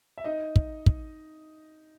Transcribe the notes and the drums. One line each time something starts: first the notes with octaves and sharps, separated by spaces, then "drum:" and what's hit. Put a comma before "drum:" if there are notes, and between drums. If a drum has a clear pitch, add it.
E5
D#4 D#5
drum: kick
drum: kick